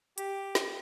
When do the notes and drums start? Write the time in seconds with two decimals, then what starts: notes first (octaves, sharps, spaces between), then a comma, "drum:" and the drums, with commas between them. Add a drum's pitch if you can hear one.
0.18 G4, drum: hi-hat
0.55 drum: snare